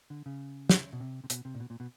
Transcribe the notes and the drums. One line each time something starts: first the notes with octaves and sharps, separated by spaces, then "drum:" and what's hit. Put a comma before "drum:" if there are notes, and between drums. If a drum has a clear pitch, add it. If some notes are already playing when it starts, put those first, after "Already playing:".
D3
C#3
drum: snare
B2
C3
C3
B2, drum: hi-hat
C3
A#2
B2
A#2
B2